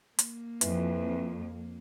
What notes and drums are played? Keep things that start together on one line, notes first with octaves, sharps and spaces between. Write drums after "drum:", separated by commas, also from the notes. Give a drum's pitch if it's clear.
A#3, drum: hi-hat
F2 E3, drum: hi-hat